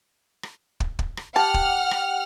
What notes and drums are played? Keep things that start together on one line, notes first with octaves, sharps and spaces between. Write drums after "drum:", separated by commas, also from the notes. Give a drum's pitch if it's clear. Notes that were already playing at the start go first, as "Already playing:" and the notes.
drum: rim click
drum: kick
drum: kick
drum: rim click
G4 F#5 A5 F6
drum: kick
drum: rim click